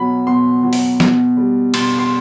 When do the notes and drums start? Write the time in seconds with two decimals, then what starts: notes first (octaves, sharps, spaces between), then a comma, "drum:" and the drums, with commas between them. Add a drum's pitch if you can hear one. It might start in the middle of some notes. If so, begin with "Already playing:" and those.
Already playing: B2 F#3 B5
0.27 B2 C6
0.63 F#3
0.73 drum: open hi-hat
1.00 B2, drum: snare
1.37 G3
1.74 B2 C6, drum: cymbal
1.99 C6